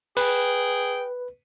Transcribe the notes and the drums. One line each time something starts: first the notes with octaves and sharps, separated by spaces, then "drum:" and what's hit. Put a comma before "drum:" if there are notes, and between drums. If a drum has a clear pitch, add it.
G#4 B4 G5, drum: open hi-hat